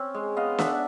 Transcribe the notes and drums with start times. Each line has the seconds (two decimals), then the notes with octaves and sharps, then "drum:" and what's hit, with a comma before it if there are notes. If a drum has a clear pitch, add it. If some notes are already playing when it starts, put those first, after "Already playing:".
Already playing: C4 C#4
0.15 G#3
0.36 B3 D#5 F5
0.59 D4 E5 F#5, drum: snare